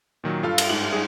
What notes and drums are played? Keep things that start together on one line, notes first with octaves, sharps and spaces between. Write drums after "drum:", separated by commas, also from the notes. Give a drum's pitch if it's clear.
A#2 D#3 F#3
G2 F4 A4 F5
drum: cymbal
G#2 F#7
G3 G#4